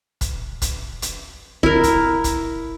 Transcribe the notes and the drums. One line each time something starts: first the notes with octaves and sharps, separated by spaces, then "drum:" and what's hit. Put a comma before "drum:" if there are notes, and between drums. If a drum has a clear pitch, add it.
drum: kick, hi-hat
drum: kick, hi-hat
drum: hi-hat
E4 A#4, drum: kick
drum: kick, hi-hat
drum: kick, hi-hat